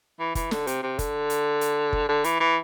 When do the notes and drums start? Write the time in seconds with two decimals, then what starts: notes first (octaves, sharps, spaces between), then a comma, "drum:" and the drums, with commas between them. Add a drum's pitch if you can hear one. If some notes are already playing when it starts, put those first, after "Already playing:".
0.20 E3
0.35 E3, drum: kick, hi-hat
0.51 D3, drum: snare
0.67 C3, drum: hi-hat
0.83 C3
0.99 D3, drum: kick, hi-hat
1.30 drum: hi-hat
1.61 drum: hi-hat
1.93 drum: kick
2.08 D3
2.24 E3, drum: hi-hat
2.40 E3